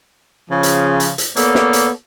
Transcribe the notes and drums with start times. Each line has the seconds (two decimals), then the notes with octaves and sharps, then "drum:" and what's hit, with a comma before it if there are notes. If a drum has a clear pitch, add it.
0.50 C#3 F3
0.63 drum: hi-hat
1.00 drum: hi-hat
1.18 drum: hi-hat
1.36 A#3 B3 A4 C#5 D5, drum: hi-hat
1.55 drum: snare
1.73 drum: hi-hat